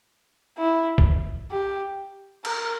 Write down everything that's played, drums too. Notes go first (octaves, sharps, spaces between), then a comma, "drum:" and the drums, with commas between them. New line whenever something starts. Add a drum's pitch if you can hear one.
E4
drum: kick
G4
A#4, drum: cymbal